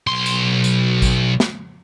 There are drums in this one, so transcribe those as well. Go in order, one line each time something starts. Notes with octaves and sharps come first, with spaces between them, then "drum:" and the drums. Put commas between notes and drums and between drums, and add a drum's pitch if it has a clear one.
B1 C6
drum: tambourine
drum: tambourine
drum: kick A1, tambourine
drum: snare